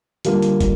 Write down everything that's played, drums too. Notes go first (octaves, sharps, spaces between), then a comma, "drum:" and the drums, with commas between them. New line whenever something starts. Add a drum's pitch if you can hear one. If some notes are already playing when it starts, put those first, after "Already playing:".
D3 G3 A#3 F4, drum: hi-hat
drum: hi-hat
drum: kick, hi-hat